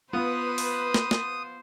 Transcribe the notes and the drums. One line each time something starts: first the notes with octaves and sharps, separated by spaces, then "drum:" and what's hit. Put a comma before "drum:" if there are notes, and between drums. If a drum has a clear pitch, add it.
B3 F4 B4 C5 D#6
drum: open hi-hat
drum: snare
drum: snare